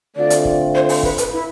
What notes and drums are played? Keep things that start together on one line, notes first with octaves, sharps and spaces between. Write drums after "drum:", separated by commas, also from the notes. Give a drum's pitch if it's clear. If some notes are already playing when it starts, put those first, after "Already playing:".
D3 A3 C4 F4 D5
drum: hi-hat
drum: kick
C5
C5, drum: open hi-hat
B4, drum: kick
B4, drum: hi-hat
E4